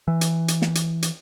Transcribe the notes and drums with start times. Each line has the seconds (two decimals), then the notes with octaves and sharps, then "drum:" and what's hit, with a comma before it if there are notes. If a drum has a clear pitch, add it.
0.08 E3
0.21 drum: hi-hat
0.48 drum: hi-hat
0.62 drum: snare
0.75 drum: hi-hat
1.02 drum: hi-hat